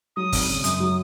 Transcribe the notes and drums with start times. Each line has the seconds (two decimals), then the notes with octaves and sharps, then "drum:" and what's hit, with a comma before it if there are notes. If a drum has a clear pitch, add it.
0.16 F#3 D#6
0.32 G#1, drum: kick, open hi-hat
0.48 C#3
0.64 F#2, drum: hi-hat
0.80 F#3